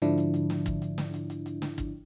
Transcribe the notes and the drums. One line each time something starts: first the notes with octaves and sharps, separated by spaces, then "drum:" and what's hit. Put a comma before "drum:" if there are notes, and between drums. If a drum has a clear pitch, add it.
G#2 D3 F3 D4 E4, drum: hi-hat
drum: hi-hat
drum: hi-hat
drum: snare
drum: kick, hi-hat
drum: hi-hat
drum: snare
drum: hi-hat
drum: hi-hat
drum: hi-hat
drum: snare
drum: kick, hi-hat